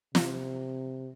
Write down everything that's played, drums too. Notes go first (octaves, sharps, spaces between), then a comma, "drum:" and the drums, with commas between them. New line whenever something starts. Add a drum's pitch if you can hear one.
C3, drum: snare